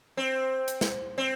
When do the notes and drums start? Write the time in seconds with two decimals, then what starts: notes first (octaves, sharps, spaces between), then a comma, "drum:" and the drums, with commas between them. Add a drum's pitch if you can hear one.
0.17 C4
0.68 drum: hi-hat
0.81 drum: snare
1.18 C4